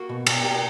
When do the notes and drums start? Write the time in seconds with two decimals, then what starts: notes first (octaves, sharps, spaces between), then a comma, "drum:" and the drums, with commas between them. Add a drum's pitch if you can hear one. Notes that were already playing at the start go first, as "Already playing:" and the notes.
Already playing: A#3 F#4
0.09 B2
0.27 B2, drum: cymbal
0.44 A#3 G4